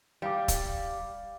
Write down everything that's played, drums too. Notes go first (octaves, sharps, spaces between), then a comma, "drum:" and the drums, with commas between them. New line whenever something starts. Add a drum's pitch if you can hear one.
G3 F5 D6
drum: kick, hi-hat